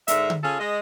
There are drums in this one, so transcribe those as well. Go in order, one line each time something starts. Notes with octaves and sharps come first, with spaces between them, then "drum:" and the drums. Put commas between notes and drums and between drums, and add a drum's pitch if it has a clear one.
G#2 D3 A#4 E5, drum: hi-hat
drum: tom D3
C#4 F4 G#4 A4
G#3 D#5